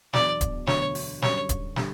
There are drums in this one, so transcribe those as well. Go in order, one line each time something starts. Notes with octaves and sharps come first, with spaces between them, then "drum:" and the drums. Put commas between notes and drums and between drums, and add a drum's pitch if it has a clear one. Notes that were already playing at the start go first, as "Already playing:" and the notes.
E2 B2 F#3 B3 D4 D5, drum: snare
drum: kick D1, hi-hat
E1 D2 D3 F#3 B3 C#5, drum: snare
drum: open hi-hat
F#2 D3 G3 D4 C#5, drum: snare
drum: kick D1, hi-hat
D3 G3, drum: snare